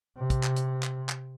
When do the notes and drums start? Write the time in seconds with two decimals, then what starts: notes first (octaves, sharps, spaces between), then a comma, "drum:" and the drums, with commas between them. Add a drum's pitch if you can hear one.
0.17 C3
0.30 drum: kick, hi-hat
0.43 drum: clap
0.56 drum: hi-hat
0.83 drum: clap
1.09 drum: clap